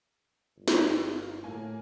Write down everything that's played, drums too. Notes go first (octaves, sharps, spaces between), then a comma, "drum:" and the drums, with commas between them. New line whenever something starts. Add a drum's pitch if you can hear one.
G1
drum: snare
F4
A2 A#3 G#5